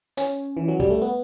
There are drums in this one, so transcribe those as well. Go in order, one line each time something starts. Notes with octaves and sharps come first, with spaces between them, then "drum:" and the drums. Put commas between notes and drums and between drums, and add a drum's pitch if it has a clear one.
C#4, drum: hi-hat
E3
F#3
G3, drum: kick
A3
B3